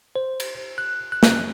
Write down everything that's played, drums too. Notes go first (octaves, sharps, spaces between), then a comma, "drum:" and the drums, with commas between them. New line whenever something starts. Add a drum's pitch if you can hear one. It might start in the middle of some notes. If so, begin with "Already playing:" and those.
C5
drum: cymbal
F#6
F#6
drum: snare